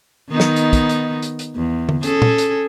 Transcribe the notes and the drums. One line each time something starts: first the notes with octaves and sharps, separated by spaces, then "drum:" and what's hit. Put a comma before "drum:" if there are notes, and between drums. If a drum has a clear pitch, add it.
D#3 B3 D#4
drum: snare
drum: hi-hat
drum: kick, hi-hat
drum: hi-hat
drum: hi-hat
drum: hi-hat
E2
drum: tom D3
C#4 G#4 A4, drum: hi-hat
drum: tom A#2
drum: hi-hat